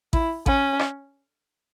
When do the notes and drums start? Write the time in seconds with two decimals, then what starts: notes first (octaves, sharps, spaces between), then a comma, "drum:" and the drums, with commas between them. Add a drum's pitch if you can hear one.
0.13 E4, drum: kick A1
0.46 C#4, drum: kick A1
0.79 drum: rim click